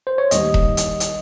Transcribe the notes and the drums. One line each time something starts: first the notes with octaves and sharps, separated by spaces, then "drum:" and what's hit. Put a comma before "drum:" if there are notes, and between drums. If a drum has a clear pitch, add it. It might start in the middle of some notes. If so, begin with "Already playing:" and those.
C5
C#5
D#2 D#3 G3 D#5, drum: hi-hat
drum: kick E1
drum: hi-hat
drum: hi-hat